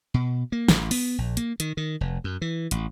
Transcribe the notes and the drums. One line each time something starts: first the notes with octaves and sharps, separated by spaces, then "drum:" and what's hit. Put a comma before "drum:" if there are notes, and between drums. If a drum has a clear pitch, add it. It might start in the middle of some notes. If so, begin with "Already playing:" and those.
B2
A#3
A1, drum: snare
B3, drum: open hi-hat
A#1
A#3, drum: hi-hat
D#3, drum: hi-hat
D#3
F1
F#2
E3
A1, drum: hi-hat